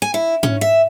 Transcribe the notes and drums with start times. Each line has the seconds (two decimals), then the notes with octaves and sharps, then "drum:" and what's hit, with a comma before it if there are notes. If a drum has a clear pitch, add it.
0.02 G#5
0.14 E4
0.43 C#4, drum: tom G#2
0.61 E5